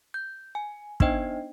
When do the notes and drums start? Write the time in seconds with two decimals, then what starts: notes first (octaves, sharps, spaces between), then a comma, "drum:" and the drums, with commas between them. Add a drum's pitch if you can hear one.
0.14 G6
0.55 G#5
1.00 B3 D4 D#4 C5 D#5 G5, drum: kick